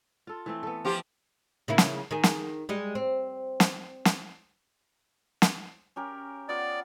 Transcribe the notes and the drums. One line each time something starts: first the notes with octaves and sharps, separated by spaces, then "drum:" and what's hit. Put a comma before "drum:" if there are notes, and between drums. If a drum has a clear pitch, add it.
F4 A4
E3 A3 C4
B3 A4
F3 F4 G4
C#3 A#3 E4
drum: snare
D#3 G#4
drum: snare
G3 G#3
C4
drum: snare
drum: snare
drum: snare
C#4 G4 A#4
B3 F4 D5 F#5